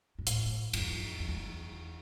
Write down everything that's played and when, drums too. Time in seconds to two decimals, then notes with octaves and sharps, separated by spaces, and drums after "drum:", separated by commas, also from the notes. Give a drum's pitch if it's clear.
0.19 G2
0.27 A2, drum: hi-hat
0.73 G2, drum: cymbal
0.77 F2
1.20 F2
1.29 E2